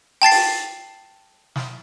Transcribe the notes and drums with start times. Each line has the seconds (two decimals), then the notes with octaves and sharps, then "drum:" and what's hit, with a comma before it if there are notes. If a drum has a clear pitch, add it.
0.22 G5 A5 A6 C7
0.31 drum: open hi-hat
1.56 drum: snare